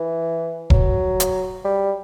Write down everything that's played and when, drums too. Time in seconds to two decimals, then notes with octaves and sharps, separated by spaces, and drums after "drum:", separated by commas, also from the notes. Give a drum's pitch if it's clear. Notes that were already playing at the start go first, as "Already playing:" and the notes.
Already playing: E3
0.70 F#3, drum: kick E1
1.20 drum: hi-hat
1.65 G3